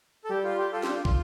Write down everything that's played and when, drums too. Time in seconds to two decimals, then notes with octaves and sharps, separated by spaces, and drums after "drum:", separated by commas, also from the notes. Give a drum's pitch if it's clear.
0.24 A4
0.30 G3 G4
0.44 F4
0.58 G4
0.72 F4 A4
0.83 G4, drum: snare
0.89 D4
0.94 F4
1.05 F4, drum: kick